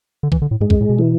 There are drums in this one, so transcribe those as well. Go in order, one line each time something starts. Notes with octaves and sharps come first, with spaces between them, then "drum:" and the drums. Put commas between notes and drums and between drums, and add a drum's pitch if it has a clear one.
D3
E3, drum: kick B1
D3
A2
G#2 G#3
F#2, drum: kick B1
A2
B2
E3